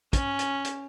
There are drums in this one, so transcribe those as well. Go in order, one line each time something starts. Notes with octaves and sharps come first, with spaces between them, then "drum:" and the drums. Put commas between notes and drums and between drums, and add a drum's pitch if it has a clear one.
C#4, drum: kick, hi-hat
drum: hi-hat
drum: hi-hat